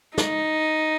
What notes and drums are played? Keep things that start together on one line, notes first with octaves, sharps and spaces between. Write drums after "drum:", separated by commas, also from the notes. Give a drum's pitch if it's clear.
D#4, drum: snare